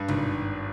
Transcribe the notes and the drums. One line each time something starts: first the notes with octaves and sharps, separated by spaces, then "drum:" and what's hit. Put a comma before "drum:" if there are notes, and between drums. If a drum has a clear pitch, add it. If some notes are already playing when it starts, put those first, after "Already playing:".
Already playing: G2
G#1 G#2, drum: tom B2